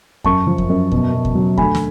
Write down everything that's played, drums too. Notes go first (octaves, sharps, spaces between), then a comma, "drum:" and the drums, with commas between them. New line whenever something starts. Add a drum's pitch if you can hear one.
F#2 A5 C#6, drum: kick E2
F3
drum: kick E2
F#2
B2, drum: kick E2
B2
drum: kick E2
F#3
D2 G#5 B5, drum: kick E2
drum: snare